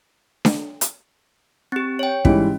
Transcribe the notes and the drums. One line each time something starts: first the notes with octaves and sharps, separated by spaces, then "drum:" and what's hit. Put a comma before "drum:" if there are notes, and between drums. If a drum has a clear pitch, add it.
drum: snare D4
drum: hi-hat
C4 G4
C#5 G5
G#2 E3 G3 C#4, drum: kick